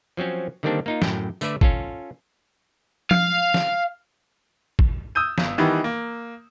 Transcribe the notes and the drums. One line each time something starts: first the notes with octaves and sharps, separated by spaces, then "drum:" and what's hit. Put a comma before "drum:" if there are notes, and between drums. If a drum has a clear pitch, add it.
F3 F#3 C4 C#4
D3 D#3 G3 A#3 C4 D4
A#3 D#4 F4
F#2 A2 G5, drum: snare
D3 A3 B4 D5 E5, drum: tambourine
C#4 F4 A4, drum: kick
F5, drum: tom F3
drum: snare
drum: kick
D#6 E6 G6 D#7
G1, drum: snare
D#3 E3 G3 B3 D#4
A#3